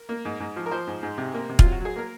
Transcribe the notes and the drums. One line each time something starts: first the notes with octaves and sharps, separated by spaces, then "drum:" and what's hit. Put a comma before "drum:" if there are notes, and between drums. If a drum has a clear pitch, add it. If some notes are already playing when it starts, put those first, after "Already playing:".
Already playing: A#4
A#3
G#2
G#2
F3
A#4
F3 C5
G#2
G#2
C3
A#3
C3
F4, drum: kick
F#3
F#4
F#3 G#4
A#3 A#4